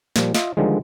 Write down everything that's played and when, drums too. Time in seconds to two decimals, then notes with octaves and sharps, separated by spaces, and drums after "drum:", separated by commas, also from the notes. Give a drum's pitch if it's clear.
0.16 A#2 F3 G3, drum: snare
0.35 F4 D#5 E5, drum: snare
0.57 D3 D#3 F3 G3 G#3